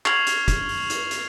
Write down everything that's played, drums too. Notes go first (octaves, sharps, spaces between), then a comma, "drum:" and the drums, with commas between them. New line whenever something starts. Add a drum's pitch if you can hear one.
C#6 F6 G#6 C7 F7 F#7, drum: clap
drum: hi-hat
drum: kick, hi-hat
drum: open hi-hat
drum: hi-hat
drum: hi-hat